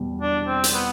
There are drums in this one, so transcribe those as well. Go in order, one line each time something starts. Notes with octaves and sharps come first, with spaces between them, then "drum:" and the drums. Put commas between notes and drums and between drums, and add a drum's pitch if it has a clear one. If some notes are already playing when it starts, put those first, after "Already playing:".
Already playing: E2 B2 G3
D4
C4
drum: hi-hat
B3